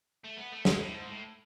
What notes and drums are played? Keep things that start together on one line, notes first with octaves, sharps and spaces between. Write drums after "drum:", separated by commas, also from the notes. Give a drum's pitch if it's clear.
A3
B3
A3
G#3, drum: snare
A2
G#2
A2